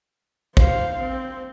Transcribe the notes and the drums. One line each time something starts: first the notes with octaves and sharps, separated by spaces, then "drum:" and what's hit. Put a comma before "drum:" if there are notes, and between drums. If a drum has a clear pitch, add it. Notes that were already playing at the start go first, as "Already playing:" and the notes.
C5 F5, drum: kick A1
C4